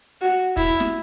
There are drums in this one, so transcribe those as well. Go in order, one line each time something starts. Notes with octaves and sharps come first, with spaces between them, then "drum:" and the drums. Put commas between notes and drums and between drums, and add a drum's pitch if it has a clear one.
F#4
E4, drum: kick, hi-hat
drum: snare